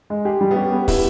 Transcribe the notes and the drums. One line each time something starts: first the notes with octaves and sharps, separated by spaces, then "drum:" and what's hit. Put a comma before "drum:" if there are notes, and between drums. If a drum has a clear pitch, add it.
G#3
G4 G#4
G3
B3
C#4 G4
B3
E4 G4, drum: kick, open hi-hat